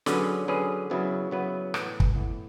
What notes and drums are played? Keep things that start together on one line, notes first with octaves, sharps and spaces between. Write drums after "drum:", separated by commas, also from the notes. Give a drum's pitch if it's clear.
D3 F#3 C#4 G#4 B4, drum: snare
D3 F#3 C#4 G#4 B4
C#3 F#3 B3 E4 B4
C#3 F#3 B3 E4 B4
A2 E3 B3, drum: rim click
drum: kick
A2 E3 B3